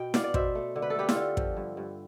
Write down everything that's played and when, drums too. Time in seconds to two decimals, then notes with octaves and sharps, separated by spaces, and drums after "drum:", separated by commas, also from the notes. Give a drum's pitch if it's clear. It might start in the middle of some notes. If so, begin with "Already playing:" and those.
Already playing: B2 G5
0.14 B3 D5 F5, drum: snare E4
0.24 D5
0.34 B2 C5 E5, drum: kick
0.55 A3
0.76 D3
0.82 B4
0.90 A4
0.95 A3 G4 B4
1.09 F4 A4, drum: snare E4
1.16 D3
1.37 F3, drum: kick
1.57 G2
1.77 G2